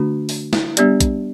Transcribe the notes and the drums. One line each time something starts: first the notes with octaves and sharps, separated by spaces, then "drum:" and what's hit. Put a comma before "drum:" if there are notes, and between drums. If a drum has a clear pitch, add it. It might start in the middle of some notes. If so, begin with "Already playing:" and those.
Already playing: D3 A3 D4 F#4
drum: open hi-hat
drum: snare
G3 B3 D4 G4 D5, drum: hi-hat
drum: kick, hi-hat